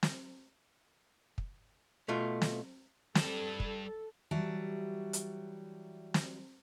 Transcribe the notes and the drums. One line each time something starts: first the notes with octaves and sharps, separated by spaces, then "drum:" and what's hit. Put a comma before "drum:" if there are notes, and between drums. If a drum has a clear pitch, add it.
drum: snare
drum: kick
B2 A3 F4
drum: snare
G3 A4 A5, drum: snare
drum: kick
E3 F#3 G3 E5 A5
drum: hi-hat
drum: snare